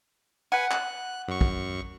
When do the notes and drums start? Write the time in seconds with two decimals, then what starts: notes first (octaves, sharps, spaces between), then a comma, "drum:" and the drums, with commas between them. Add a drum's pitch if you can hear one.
0.52 B4 F#5 G#5
0.71 F#6, drum: clap
1.28 F#2 C#6
1.41 drum: kick